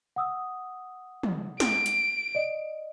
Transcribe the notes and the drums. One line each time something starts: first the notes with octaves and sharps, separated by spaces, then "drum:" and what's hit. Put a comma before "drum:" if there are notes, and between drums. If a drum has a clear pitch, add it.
F#5 D#6 E6
drum: tom
D7, drum: snare
drum: hi-hat
D5 D#5